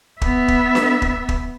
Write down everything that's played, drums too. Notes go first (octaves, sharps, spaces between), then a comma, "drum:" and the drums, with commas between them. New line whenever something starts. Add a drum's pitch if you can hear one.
B3 E5, drum: kick
drum: kick
drum: snare D4
drum: kick
drum: kick